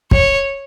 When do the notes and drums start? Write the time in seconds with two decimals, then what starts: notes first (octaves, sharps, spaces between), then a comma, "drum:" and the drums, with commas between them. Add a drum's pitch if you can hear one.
0.11 C#5, drum: kick